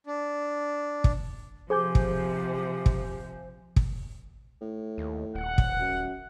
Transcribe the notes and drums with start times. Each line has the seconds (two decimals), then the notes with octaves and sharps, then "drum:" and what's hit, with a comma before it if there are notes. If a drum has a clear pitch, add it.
0.07 D4
1.04 drum: kick
1.70 C3 F3 G4 G#4 C5 G#5 D6 G6
1.95 drum: kick
2.86 drum: kick
3.76 drum: kick
4.61 A2
4.98 D#2
5.35 D#1 F#5
5.58 drum: kick
5.80 F#2